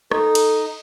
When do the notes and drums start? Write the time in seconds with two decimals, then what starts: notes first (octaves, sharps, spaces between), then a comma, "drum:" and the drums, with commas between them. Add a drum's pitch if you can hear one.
0.11 D#4 A4, drum: rim click
0.35 drum: cymbal